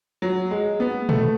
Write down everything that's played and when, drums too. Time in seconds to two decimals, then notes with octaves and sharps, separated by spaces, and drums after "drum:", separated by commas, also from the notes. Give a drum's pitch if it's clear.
0.22 F#3
0.51 G#3
0.80 B3
1.09 A3, drum: tom A#2